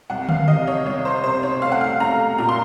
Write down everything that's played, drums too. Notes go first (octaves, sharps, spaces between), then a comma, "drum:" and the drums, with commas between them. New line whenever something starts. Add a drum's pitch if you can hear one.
C2 F#5
F5, drum: tom D3
C3 D#5
C#5
C2 C#5
C5
C3 C5
C#5
A3 F5
F#5
F5
A3 A#5
A#2 A#5
C6